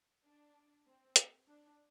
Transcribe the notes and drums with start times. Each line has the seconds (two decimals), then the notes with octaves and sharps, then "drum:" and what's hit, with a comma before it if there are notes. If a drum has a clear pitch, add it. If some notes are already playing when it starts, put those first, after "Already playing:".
0.26 D4
0.86 C4
1.16 drum: hi-hat
1.48 D4